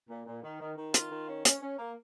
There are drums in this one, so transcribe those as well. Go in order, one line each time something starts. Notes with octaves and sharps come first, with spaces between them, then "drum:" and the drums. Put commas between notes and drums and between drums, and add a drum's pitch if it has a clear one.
A#2
A#2
D#3
D#3
D#3
F4, drum: hi-hat
D#3
C#4
C#4, drum: hi-hat
C#4
A#3